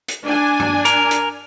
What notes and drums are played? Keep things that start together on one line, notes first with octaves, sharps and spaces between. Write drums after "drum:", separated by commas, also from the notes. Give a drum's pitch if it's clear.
drum: hi-hat
D4 G#5
drum: tom
A#4, drum: hi-hat
drum: hi-hat